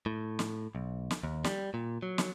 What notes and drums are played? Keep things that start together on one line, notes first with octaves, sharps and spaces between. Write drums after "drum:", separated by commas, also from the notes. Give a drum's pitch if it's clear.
A2
drum: snare
B1
drum: snare
D#2
G3, drum: snare
A#2
F#3
drum: snare